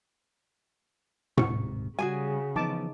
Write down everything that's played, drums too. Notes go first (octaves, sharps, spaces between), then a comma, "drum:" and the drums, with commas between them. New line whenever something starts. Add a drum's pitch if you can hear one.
D#1 G#2 C3 C#6, drum: tom A2
C#3 G3 F#4 G#4 G#5
E3 F3 B3 D#4 A5 D6